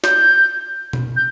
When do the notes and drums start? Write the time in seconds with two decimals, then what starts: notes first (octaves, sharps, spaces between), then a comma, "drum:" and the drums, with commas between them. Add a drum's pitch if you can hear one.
0.04 G6, drum: snare
0.93 drum: tom B2
1.16 G6